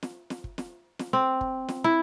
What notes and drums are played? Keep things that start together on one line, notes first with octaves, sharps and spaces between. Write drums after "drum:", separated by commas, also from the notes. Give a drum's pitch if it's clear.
drum: snare
drum: snare
drum: kick
drum: snare
drum: snare
C4
drum: kick
drum: snare
E4